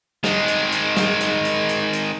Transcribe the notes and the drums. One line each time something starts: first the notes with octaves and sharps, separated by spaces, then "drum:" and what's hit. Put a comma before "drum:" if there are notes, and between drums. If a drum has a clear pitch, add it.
D#3 G#3, drum: snare
drum: hi-hat
drum: hi-hat
drum: snare
drum: hi-hat
drum: hi-hat
drum: hi-hat
drum: hi-hat